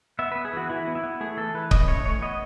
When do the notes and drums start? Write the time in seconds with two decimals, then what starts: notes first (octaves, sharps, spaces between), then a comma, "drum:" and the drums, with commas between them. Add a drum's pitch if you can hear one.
0.19 B3 E5
0.32 B3 B4
0.45 G#4
0.53 E3 F#4
0.70 E3 E4
0.87 B3
0.95 E4
1.04 B3
1.21 A3 G#4
1.37 E3 A4
1.54 E3 B4
1.71 C#4 D#5, drum: kick C#1
1.88 A3 C#5
2.05 E3 C#5
2.22 B3 D#5